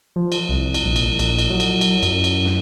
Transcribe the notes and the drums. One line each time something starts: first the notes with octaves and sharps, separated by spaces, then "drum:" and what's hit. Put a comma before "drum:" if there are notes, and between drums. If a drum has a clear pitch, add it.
F3
drum: cymbal
C2
drum: cymbal
A#1
drum: cymbal
A#1, drum: cymbal
drum: cymbal
F#3
drum: cymbal
drum: cymbal
F#2, drum: cymbal
drum: cymbal
drum: snare